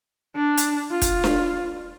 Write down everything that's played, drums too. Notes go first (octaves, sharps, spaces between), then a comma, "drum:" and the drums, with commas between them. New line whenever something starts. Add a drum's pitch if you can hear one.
D4
drum: hi-hat
F4
drum: kick, hi-hat
drum: snare D4